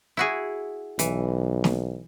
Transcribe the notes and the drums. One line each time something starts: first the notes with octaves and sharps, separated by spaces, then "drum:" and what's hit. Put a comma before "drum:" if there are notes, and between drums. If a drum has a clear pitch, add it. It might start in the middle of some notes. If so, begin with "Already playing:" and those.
E4 F#4 G#4
B1 E3, drum: hi-hat
drum: snare